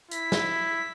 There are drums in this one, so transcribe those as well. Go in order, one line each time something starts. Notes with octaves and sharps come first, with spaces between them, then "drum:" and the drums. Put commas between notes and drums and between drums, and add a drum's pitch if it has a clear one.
E4 B6, drum: hi-hat
drum: snare